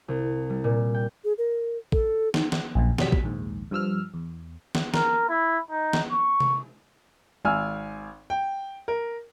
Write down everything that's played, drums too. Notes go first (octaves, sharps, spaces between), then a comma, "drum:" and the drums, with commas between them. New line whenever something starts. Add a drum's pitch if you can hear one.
C2
G3
A#2
G5
G#4
A#4
A4, drum: kick
D#4, drum: snare
drum: snare
A#1 F#2 A#2
B1 F2 F#3 G3 B6, drum: snare
drum: kick
A#1 D#2 G#2
G2 F3 E6 F6
E2
drum: snare
A#4, drum: snare
E4
D#4
drum: snare
C#6
drum: tom C3
G#1 G#5 E6 F6
G5
A#4